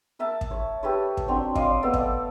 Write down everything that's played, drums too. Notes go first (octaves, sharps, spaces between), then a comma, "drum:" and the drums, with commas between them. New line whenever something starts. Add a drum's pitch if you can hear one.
A#4 E5 A5
drum: kick
C#5
G4 A4 B4 C#5
drum: kick
F#3 C4 D4
D5 D#5 F5 C6, drum: kick
A3 B3 A4 D5
drum: kick